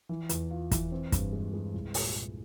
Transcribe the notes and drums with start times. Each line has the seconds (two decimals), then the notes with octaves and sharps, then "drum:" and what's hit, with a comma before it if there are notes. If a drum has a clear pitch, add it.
0.09 E3
0.29 E2, drum: hi-hat
0.51 F4
0.71 E3, drum: kick, hi-hat
0.92 C4
1.12 G2, drum: kick, hi-hat
1.32 G#3
1.54 G#3
1.74 C2
1.94 A#2, drum: open hi-hat
2.15 A#2